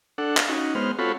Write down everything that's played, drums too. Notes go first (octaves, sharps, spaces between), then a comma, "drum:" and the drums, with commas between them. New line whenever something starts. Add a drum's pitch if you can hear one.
D4 A4 F#5
F5, drum: clap
C#4 D#4 F#4
G#3 B3 C5 F6
C4 F4 F#4 A4 C#5 B5